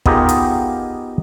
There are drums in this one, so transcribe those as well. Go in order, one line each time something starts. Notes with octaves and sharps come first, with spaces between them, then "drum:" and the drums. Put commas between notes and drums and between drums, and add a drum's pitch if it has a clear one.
B3 D#4 F4 G4 G#4 A#4, drum: kick
drum: hi-hat